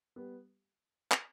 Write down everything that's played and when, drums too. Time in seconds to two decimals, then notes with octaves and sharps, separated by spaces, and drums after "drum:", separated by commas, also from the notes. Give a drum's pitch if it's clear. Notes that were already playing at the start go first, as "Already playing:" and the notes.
0.16 G3 B3
1.11 drum: clap